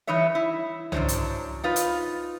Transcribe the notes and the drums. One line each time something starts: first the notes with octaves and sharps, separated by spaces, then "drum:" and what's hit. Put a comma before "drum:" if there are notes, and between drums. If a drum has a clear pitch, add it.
E3 G3 D#4 C#5 E5
E4
F#2 F#3 D4 F#4 C5 C#5, drum: tom C2
drum: hi-hat
D#4 F4 B4
drum: hi-hat